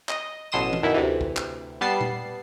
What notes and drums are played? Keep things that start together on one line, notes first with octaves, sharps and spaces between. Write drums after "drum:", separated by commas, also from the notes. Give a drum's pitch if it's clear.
D#5, drum: clap
A1 B2 F#3 C6 D#6 E7
drum: tom E3
F#2 B2 D#3 E4
D2 C3 E3
drum: kick
drum: clap
G3 B3 A5 C7
drum: tom A#2